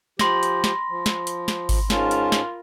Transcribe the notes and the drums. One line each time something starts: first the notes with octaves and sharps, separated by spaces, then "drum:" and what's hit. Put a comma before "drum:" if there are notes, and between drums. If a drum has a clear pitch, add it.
F3 G4 B5 C6 A#6, drum: snare
drum: hi-hat
drum: snare
F3
drum: snare
drum: hi-hat
drum: snare
drum: kick G#1, open hi-hat
G#2 C#4 F4 A#4 A5, drum: snare
drum: hi-hat
drum: snare